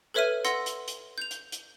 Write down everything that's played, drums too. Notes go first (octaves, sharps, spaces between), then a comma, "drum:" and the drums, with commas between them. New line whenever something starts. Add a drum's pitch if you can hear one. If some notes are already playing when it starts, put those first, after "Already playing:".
A4 B4 C#5 E5 F6 D#7
F#5 C6 E6 A#6, drum: hi-hat
drum: hi-hat
drum: hi-hat
G6 F7
drum: hi-hat
drum: hi-hat